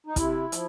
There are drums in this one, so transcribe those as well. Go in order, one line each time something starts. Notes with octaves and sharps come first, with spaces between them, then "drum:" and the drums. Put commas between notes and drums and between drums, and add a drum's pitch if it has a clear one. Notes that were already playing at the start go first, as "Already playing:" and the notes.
D#4
C3 E4, drum: kick, hi-hat
F3, drum: hi-hat